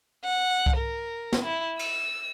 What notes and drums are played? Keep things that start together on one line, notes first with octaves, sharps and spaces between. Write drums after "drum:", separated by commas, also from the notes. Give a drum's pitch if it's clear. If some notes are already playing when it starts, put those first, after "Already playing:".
F#5
drum: kick C2
A#4
drum: snare
E4
E6, drum: cymbal